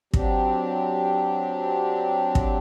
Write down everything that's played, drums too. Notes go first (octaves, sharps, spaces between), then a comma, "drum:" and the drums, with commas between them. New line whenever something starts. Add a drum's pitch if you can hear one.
F#3 C4 D4 G4, drum: kick
drum: kick